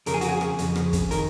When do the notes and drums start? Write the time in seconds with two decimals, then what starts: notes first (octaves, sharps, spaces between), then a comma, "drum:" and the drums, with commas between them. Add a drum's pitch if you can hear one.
0.06 F2 C#3 A#4, drum: hi-hat
0.14 G#4
0.21 F#4, drum: hi-hat
0.29 G#4
0.41 drum: rim click
0.59 F2 C#3, drum: hi-hat
0.76 drum: rim click
0.93 drum: kick, hi-hat
1.11 D#3 A#4, drum: hi-hat